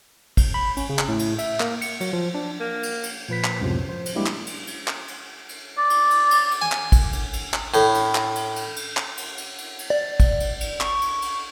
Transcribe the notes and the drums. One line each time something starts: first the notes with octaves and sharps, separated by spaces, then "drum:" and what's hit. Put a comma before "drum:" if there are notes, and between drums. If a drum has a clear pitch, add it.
drum: kick, cymbal
B5
C#4, drum: cymbal
C#3
drum: clap
A2
drum: cymbal
E5, drum: cymbal
A#3, drum: clap
C#7, drum: cymbal
F#3, drum: cymbal
F3
D4
A#3
drum: cymbal
drum: cymbal
A#2 F3 B4 B6
drum: clap
C#2 F#2 A2 C3 F3 F#3
F3 C5
drum: cymbal
G3 G#3 A#3 D4 E4 G4
drum: clap
drum: cymbal
drum: cymbal
drum: clap
drum: cymbal
drum: cymbal
D5
drum: cymbal
drum: cymbal
drum: cymbal
drum: cymbal
G#5
drum: clap
drum: kick, cymbal
drum: cymbal
drum: cymbal
drum: clap
A2, drum: cymbal
drum: cymbal
drum: clap
drum: cymbal
drum: cymbal
drum: cymbal
drum: clap
drum: cymbal
drum: cymbal
drum: cymbal
drum: cymbal
D5
drum: kick, cymbal
drum: cymbal
drum: cymbal
C#6, drum: clap
drum: cymbal
drum: cymbal